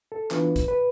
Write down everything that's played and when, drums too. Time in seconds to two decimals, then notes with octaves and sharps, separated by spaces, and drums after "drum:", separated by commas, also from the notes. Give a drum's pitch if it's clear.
0.12 A4
0.31 E3 B3 D4 F4 B4, drum: clap
0.56 drum: kick, hi-hat
0.68 B4